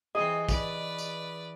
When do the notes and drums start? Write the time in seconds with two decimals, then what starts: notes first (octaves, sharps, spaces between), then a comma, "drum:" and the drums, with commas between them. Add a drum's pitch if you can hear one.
0.15 E3 C4 G#4 D#5
0.49 B4 D5, drum: kick, tambourine
0.98 drum: tambourine